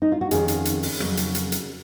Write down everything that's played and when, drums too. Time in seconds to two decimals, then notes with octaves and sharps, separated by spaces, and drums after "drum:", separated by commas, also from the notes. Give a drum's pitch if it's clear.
0.02 D#4
0.12 F4
0.21 F#4
0.31 F2 D#3 A#3 C#4 G#4, drum: hi-hat
0.48 drum: hi-hat
0.65 drum: hi-hat
0.83 drum: open hi-hat
1.00 F2 C#3 F#3 A#3, drum: rim click
1.17 drum: hi-hat
1.35 drum: hi-hat
1.52 drum: hi-hat